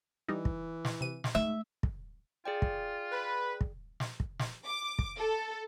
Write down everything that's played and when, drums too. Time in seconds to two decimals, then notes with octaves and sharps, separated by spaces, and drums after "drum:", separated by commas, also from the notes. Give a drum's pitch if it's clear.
0.29 E3 G3 D#4
0.45 drum: kick
0.85 drum: snare
1.01 C3 D#7
1.24 drum: snare
1.35 G#2 A3 E5
1.83 drum: kick
2.45 F4 G#4 D5 G5
2.62 drum: kick
3.12 B4
3.61 drum: kick
4.00 drum: snare
4.20 drum: kick
4.39 drum: snare
4.66 D6
4.99 drum: kick
5.18 A4